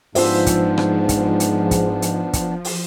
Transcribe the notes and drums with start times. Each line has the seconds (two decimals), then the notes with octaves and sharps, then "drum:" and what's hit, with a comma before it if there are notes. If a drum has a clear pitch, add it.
0.15 G#2 F3 B3 D4 F4 C5 E5, drum: open hi-hat
0.46 drum: kick, hi-hat
0.78 drum: rim click
1.09 drum: kick, hi-hat
1.40 drum: hi-hat
1.71 drum: kick, hi-hat
2.02 drum: hi-hat
2.33 drum: kick, hi-hat
2.65 drum: open hi-hat